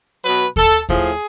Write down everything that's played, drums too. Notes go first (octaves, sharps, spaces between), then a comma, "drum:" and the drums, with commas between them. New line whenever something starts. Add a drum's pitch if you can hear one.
B2 F#3 B4
A4, drum: kick D#2
A2 F3 G#4, drum: kick D#2